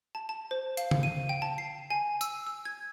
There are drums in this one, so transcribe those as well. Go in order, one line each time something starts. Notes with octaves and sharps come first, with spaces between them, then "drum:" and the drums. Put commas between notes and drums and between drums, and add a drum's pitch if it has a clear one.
A5
A5
C5
F5, drum: hi-hat
drum: tom C#3
D#7
G5
A5
C7
G#5
E6, drum: tambourine
E6
G#6